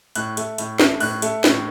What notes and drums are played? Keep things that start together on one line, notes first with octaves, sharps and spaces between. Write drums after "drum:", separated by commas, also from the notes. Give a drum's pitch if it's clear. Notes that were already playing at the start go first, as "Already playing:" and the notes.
A2 F#6, drum: hi-hat
A3, drum: hi-hat
A2, drum: hi-hat
A3, drum: snare
A2 F#6, drum: open hi-hat
A3, drum: hi-hat
A2, drum: snare